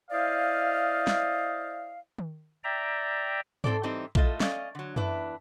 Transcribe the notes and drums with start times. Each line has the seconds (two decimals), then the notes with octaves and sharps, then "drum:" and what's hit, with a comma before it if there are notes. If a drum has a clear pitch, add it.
0.11 E4 C5 D5 D#5 F5
1.07 drum: snare
2.18 drum: tom D#3
2.64 D5 E5 G5 A#5
3.64 E2 C4 A4 D5, drum: tom G#2
3.83 E3 G3 C4 D#4
4.15 A2 A3 F4 A4 D#5, drum: kick A#1
4.40 C#4 D5 D#5 F5, drum: snare
4.75 D3 F#3
4.96 E2 D4 E4 B4, drum: tom F#2